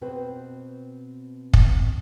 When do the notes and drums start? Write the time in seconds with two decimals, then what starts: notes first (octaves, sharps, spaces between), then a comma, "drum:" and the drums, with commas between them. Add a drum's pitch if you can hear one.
0.01 B2 C4 B4 C5
1.54 drum: kick